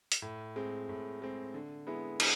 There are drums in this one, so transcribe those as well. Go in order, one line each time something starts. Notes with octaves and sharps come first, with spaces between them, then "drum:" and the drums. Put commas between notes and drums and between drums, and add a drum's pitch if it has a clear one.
drum: hi-hat
A2
G#3 C4
A2
G#3 C4
D3
G#3 B3 E4
D3, drum: cymbal